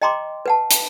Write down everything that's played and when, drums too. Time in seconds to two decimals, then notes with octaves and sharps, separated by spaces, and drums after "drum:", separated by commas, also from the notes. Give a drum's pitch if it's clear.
0.02 D#5 G5 A#5 C6 D6
0.46 B4 F#5 A5
0.71 drum: hi-hat